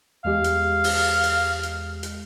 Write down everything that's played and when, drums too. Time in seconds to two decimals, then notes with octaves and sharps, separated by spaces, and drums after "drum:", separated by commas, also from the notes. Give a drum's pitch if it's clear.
0.24 E2 G#3 G4 F5
0.44 drum: hi-hat
0.84 drum: open hi-hat
1.24 drum: hi-hat
1.63 drum: hi-hat
2.03 drum: hi-hat